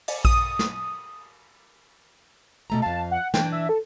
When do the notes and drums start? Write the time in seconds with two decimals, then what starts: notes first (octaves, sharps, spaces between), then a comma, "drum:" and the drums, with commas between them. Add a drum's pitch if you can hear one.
0.08 drum: cymbal
0.25 D#6, drum: kick A#1
0.59 drum: snare
2.70 B2 A3 A#5
2.82 F2 F5 A5
3.11 F#5
3.34 E3 D4 G5, drum: snare
3.52 E5
3.69 A4